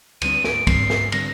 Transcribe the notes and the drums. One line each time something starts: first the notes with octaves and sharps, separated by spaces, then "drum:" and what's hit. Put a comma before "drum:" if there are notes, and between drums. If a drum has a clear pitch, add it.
D2 D3 G3 C4 D#7, drum: cymbal
D7, drum: snare
D2 D3 G3 C4 C7, drum: kick, cymbal
drum: snare
D3 G3 C4 A#6, drum: cymbal